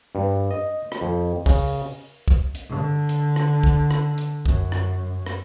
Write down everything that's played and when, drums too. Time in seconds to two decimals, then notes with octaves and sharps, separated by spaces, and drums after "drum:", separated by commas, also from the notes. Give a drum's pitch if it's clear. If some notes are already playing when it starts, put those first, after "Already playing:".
0.15 G2
0.51 D#5
0.92 drum: rim click
1.01 F2
1.46 C#3, drum: kick, open hi-hat
2.28 drum: kick
2.55 drum: hi-hat
2.69 D3
3.09 drum: hi-hat
3.36 drum: rim click
3.63 drum: kick
3.91 drum: rim click
4.18 drum: hi-hat
4.46 F#2, drum: kick
4.72 drum: rim click
5.26 drum: rim click